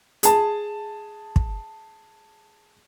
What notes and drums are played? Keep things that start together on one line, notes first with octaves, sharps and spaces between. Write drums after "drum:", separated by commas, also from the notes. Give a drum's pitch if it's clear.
G#4 A5, drum: hi-hat
drum: kick